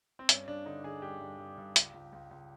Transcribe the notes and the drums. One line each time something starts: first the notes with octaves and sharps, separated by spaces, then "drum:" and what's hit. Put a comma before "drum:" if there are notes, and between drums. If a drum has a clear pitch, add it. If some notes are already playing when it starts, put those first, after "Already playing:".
C4
G2 C#4, drum: hi-hat
G2 D4
D3 D#4
D3 G#4
G2 G4
G2
G2
G2
C#2, drum: hi-hat
C#2
C#2
C#2